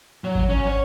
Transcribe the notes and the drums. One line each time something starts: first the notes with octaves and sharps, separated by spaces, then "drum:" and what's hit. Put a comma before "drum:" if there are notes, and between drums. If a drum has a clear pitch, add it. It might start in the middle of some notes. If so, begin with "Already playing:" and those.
F#3
drum: kick G#1
C#4
C#5